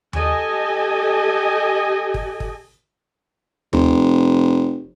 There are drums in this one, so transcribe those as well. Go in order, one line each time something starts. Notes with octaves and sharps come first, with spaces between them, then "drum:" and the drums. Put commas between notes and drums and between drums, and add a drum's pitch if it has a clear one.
G4 A4 D#5 G#5, drum: tom D#2
drum: kick
drum: kick
F1, drum: tom D#2